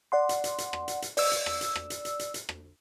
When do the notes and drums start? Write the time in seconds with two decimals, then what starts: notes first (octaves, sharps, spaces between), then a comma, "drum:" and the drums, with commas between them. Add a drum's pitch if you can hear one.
0.12 D5 F#5 C6
0.29 drum: hi-hat
0.44 drum: hi-hat
0.58 drum: hi-hat
0.73 drum: rim click
0.88 drum: hi-hat
1.02 drum: hi-hat
1.17 D5 E6, drum: open hi-hat
1.32 drum: hi-hat
1.46 drum: rim click
1.61 drum: hi-hat
1.76 drum: rim click
1.90 drum: hi-hat
2.05 drum: hi-hat
2.19 drum: hi-hat
2.34 drum: hi-hat
2.49 drum: rim click